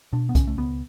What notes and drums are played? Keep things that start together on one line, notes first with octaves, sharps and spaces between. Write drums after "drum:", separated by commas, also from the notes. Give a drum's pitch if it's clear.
B2 D4
B3
C#2 C#4, drum: kick B1, hi-hat
A3
C#2 B3